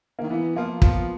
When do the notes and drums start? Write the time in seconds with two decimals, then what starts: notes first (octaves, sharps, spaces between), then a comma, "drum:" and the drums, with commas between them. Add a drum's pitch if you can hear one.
0.19 D#3 A#3
0.29 E3 B3
0.56 F3 A#3
0.82 F3 B3, drum: kick